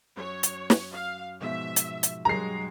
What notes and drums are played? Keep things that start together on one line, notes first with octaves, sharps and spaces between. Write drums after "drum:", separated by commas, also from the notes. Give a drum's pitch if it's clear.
F#2 C#5
drum: hi-hat
drum: snare
F5
G#2 B2 F3 E5
drum: hi-hat
drum: hi-hat
G2 F#3 G#3 A#5 C7